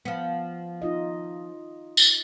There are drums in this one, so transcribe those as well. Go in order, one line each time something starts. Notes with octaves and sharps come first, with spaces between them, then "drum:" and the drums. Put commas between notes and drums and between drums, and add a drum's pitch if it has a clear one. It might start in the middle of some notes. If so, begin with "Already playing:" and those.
F3 B3
D#4 F4 D#5
drum: tambourine